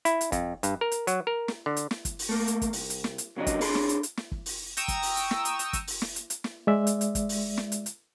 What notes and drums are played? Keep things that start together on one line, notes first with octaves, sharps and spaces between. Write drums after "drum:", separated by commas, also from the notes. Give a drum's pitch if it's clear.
E4, drum: hi-hat
drum: hi-hat
F2, drum: kick F#1, hi-hat
G2, drum: hi-hat
A#4
drum: hi-hat
F#3, drum: hi-hat
A#4
drum: snare
D3
drum: hi-hat
drum: snare
drum: kick F#1, hi-hat
drum: open hi-hat
A3 A#3
drum: hi-hat
drum: kick F#1, hi-hat
C2, drum: open hi-hat
drum: hi-hat
drum: snare
drum: hi-hat
C2 C#3 F#3 D4 D#5
drum: kick F#1, hi-hat
D4 G#4 A4 B5 C6, drum: open hi-hat
drum: snare
drum: hi-hat
drum: hi-hat
drum: snare
drum: kick F#1
drum: open hi-hat
G5 A#5 C#6 D#6 E6, drum: hi-hat
drum: kick F#1, hi-hat
drum: open hi-hat
drum: hi-hat
drum: snare
drum: hi-hat
drum: hi-hat
drum: kick F#1, hi-hat
drum: open hi-hat
drum: snare
drum: hi-hat
drum: hi-hat
drum: snare
G#3 D5 E5
drum: hi-hat
drum: hi-hat
drum: kick F#1, hi-hat
drum: open hi-hat
drum: snare
drum: hi-hat
drum: hi-hat